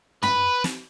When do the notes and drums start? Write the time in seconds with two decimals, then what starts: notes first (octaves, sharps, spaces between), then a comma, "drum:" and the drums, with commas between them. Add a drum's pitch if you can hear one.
0.23 B4, drum: tom
0.64 drum: snare